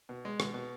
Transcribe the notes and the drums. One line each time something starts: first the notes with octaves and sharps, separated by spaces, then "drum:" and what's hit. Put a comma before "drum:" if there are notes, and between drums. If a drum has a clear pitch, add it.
B2
G#3
B2, drum: rim click
B2